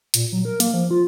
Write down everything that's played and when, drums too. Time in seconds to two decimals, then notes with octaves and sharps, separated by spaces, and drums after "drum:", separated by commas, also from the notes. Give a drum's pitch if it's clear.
0.14 A#2, drum: hi-hat
0.33 F#3
0.45 A#4
0.60 A#3, drum: hi-hat
0.74 F3
0.91 F4